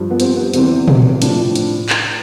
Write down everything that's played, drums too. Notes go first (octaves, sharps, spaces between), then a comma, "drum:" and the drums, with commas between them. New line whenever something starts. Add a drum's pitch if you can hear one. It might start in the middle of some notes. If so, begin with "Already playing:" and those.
Already playing: G2 F3
B3
C4, drum: hi-hat
B3
E2 C3 E3 C4, drum: hi-hat
drum: tom
A2 F3 D4, drum: hi-hat
drum: hi-hat
drum: clap